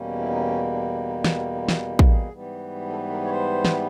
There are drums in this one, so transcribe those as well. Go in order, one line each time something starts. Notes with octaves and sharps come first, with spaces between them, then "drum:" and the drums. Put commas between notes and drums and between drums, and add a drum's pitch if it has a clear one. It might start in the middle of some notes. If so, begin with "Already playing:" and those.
Already playing: E2 B2 G3 A#3 C#4
E4
D#4
E4
D4
C#4
D4
C#4
D4
D#4
D#4, drum: snare
E4
D#4
F4
E4, drum: snare
E4
drum: kick
G#4
G#2 E3 G3 B3
A4
A#4
C#5
C5
drum: snare